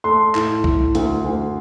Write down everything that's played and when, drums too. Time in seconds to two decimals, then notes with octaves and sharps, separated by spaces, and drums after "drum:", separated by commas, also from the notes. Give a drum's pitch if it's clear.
0.04 A3 C6
0.35 A2, drum: clap
0.64 A2, drum: kick B1
0.95 D2, drum: hi-hat
1.24 D2